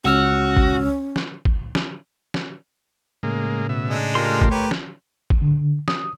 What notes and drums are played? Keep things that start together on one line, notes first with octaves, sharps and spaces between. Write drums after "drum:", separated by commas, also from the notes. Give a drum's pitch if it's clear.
C#2 C#4 F#4 E6 F6
drum: kick
drum: snare
drum: kick
drum: snare
drum: snare
A2 C#3 G#3 A#3
B2 E5
G#3 D4 D#4
A3 F4 G4 A#4 C6
drum: kick
G4 A#4 B4 C#5
drum: snare
drum: kick
D3
D#6, drum: snare